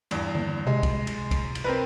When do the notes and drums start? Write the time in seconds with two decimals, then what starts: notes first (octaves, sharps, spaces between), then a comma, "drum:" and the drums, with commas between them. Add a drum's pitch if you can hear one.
0.11 E2 G2, drum: cymbal
0.35 drum: tom D3
0.67 C3 G#3
0.83 drum: kick, cymbal
1.07 drum: cymbal
1.31 drum: kick, cymbal
1.55 drum: cymbal
1.64 C4 A#4 B4